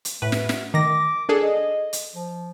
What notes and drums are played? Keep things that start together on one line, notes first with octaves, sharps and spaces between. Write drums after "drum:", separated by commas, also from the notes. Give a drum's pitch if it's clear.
drum: hi-hat
A2 A3 B4
drum: snare
drum: snare
D#3 D6 A#6
D4 G#4 A4
D#5
drum: hi-hat
F3